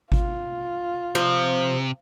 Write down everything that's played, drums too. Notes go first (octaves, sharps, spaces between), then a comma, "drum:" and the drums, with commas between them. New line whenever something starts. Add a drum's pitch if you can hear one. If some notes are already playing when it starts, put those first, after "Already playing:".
F4, drum: kick G#1
C3 F3